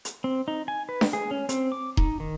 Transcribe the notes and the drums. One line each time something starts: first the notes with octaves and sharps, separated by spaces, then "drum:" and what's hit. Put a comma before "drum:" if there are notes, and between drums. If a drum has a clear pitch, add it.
drum: hi-hat
C4
D#4
G#5
B4
drum: snare D4
G#4
C#4
C4, drum: hi-hat
D6
D#4, drum: kick D#1
D#3